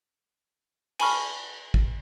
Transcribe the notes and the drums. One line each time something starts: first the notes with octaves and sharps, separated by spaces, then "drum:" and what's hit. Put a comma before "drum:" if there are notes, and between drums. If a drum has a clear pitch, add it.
G#5 A5 B5 C#6 F6, drum: cymbal
drum: kick